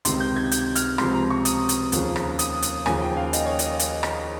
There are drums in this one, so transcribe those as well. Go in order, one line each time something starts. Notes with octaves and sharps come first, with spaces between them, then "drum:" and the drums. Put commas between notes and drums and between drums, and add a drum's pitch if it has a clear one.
C#2 C3 D#3 C6, drum: hi-hat
G6
G#6
G6, drum: hi-hat
F6, drum: hi-hat
C#2 C3 F3 C6, drum: rim click
A#5
C#6
D#6, drum: hi-hat
drum: hi-hat
D#2 C#3 F3, drum: hi-hat
drum: rim click
D#6, drum: hi-hat
drum: hi-hat
D#2 C#3 F3 G#5, drum: rim click
G5
F5
D#5, drum: hi-hat
C#5
D#5, drum: hi-hat
drum: hi-hat
drum: rim click